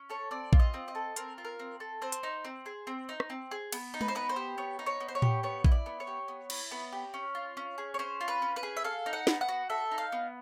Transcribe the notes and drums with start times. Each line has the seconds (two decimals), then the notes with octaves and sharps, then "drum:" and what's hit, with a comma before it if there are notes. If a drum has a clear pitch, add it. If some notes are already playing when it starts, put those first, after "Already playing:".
Already playing: C#4
0.10 A4 C#5
0.31 C4 D5
0.53 F4, drum: kick A#1
0.59 D#5
0.74 C4
0.88 D#5
0.95 A4
1.16 C4 A#4, drum: hi-hat
1.38 F4
1.45 A#4
1.59 C4
1.80 A4
2.02 C4 C5
2.12 drum: hi-hat
2.23 D#4
2.45 C4
2.66 G#4
2.87 C4
3.09 D#4
3.20 drum: rim click
3.30 C4
3.51 G#4
3.72 B3, drum: cymbal
3.94 D#4
4.01 B4, drum: tom G#3
4.08 C5
4.15 B3 B4
4.29 C5
4.36 G4
4.58 B3 C#5
4.79 D#4
4.86 C#5
5.00 B3
5.08 C5
5.15 C#5
5.22 G4, drum: tom A2
5.43 B3 C#5
5.64 E4 D#5, drum: kick A#1
5.72 D5
5.86 B3
6.00 C#5
6.07 G4
6.28 B3
6.50 E4, drum: cymbal
6.71 B3
6.93 G4
7.14 C#4
7.35 F4
7.57 C#4
7.78 G#4
7.94 C#5
7.99 C#4 C5
8.21 F4
8.28 B4
8.42 C#4
8.56 B4
8.63 G#4
8.77 E5
8.84 A4 F5
9.06 D#4
9.13 F#5
9.27 B3, drum: snare
9.41 F#5
9.49 F#4
9.70 A4 E5
9.92 D#4
9.98 F5
10.12 B3